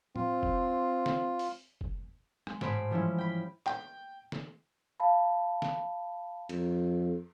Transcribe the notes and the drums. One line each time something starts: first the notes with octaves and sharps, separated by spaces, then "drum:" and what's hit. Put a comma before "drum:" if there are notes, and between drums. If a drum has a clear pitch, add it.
C4 F4, drum: tom A2
drum: kick F#1
drum: snare
drum: open hi-hat
drum: kick F#1
G#3, drum: rim click
A1 G#2 G#4 C5 B5 D7, drum: snare
E3 F3 G3 G#3 C#4 E4
G5 B5
G5, drum: clap
drum: snare
F5 A5 B5
drum: snare
F2, drum: cymbal